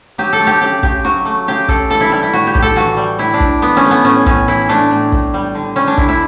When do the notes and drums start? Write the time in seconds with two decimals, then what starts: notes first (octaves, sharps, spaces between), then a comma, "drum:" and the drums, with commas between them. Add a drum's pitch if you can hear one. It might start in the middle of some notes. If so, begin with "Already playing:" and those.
0.18 F#3 G4
0.33 A4
0.40 A3
0.47 G4
0.61 C#3 G4
0.83 C#3 G4, drum: kick
1.04 F#3 F#4
1.25 A3
1.48 C#3 G4
1.68 C#3 A4, drum: kick
1.90 E3 A4
2.01 E4
2.11 G3 E4
2.23 E4
2.33 A2 F#4
2.47 G4
2.55 A2, drum: kick
2.62 A4
2.76 E3 F#4
2.97 G3
3.19 A2 E4
3.34 D4
3.40 A2, drum: kick
3.62 E3 B3
3.77 C#4
3.84 A3
3.91 B3
4.04 A2 C#4
4.26 A2 C#4, drum: kick
4.47 E3 E4
4.69 A3 D4
4.91 A2
5.12 A2, drum: kick
5.34 G3
5.55 D3
5.76 G3 C#4
5.88 D4
5.98 D3 E4, drum: kick
6.09 E4